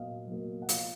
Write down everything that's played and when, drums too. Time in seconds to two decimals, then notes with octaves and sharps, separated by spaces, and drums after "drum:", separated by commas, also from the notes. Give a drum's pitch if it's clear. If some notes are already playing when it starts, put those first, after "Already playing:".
Already playing: A#2 F#3 A#3 D#5 F5
0.27 F#3 A#3
0.62 F#5
0.69 F3 F5, drum: hi-hat